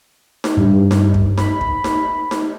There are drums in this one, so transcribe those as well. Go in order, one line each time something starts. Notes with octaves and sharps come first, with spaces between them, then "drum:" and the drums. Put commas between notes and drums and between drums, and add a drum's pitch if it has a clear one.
drum: snare D#4
G2
drum: snare D#4
drum: kick
B5, drum: snare D#4
drum: kick
drum: snare D#4
drum: snare D#4